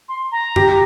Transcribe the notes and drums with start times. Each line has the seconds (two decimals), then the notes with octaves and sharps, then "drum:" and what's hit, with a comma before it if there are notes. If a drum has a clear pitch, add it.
0.09 C6
0.32 A#5
0.56 G4, drum: tom F#2